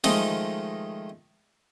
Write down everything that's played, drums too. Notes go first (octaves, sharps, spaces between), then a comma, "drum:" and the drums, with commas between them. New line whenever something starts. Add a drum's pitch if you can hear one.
D#3 F3 G#3 A3 D#4, drum: snare